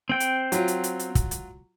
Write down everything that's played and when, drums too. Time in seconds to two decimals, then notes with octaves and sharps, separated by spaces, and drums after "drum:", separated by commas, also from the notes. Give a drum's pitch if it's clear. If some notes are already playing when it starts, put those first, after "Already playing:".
0.09 C4 G5
0.20 drum: hi-hat
0.52 F#3 F4, drum: hi-hat
0.68 drum: hi-hat
0.84 drum: hi-hat
0.99 drum: hi-hat
1.15 drum: kick, hi-hat
1.31 drum: hi-hat